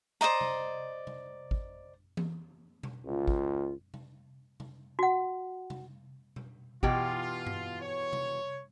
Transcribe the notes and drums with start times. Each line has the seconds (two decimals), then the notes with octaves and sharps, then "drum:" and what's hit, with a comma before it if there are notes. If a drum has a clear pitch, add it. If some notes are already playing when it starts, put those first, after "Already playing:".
0.21 C5 D5 D#5 A#5
0.41 drum: tom C3
1.07 drum: tom C3
1.51 drum: kick
2.17 drum: tom E3
2.83 drum: tom B2
3.05 C#2 F4
3.28 drum: kick
3.94 drum: tom C3
4.60 drum: tom C3
4.99 F#4 F#5
5.70 drum: tom C3
6.36 drum: tom B2
6.83 B2 E3 F4 G4, drum: kick
7.47 drum: tom G2
7.81 C#5
8.13 drum: tom C3